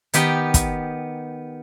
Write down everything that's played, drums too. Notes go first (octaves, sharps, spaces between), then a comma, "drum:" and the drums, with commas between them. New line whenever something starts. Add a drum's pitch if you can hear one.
D#3 B3 G4 G5 A#5, drum: hi-hat
drum: kick, hi-hat